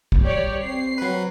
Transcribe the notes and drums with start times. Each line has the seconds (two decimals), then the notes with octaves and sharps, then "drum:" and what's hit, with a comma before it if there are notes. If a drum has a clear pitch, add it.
0.12 drum: kick
0.22 G3 G4 C#5 D5
0.64 C4 C7
0.98 F#3 B4